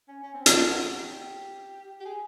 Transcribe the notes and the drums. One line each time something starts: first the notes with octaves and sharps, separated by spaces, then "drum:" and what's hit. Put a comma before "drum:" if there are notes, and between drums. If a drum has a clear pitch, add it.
C#4
C#4
C4
C4, drum: hi-hat
F4
F#4
G4
G4
G#4